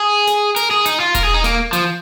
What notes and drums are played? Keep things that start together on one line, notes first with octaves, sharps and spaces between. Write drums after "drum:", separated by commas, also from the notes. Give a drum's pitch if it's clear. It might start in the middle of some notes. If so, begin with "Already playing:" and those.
Already playing: G#4
drum: snare
A#4, drum: hi-hat
G#4
D#4, drum: hi-hat
F4
A#4, drum: kick E1, hi-hat
G#4
D#4
A#3, drum: snare
F3, drum: hi-hat